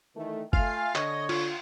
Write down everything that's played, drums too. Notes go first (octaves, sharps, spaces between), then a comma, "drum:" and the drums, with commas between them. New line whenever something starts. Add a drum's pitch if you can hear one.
D#3 E3 A3
A3 F4 F5 G#5, drum: kick
D3 C#5 D#5, drum: clap
F4, drum: cymbal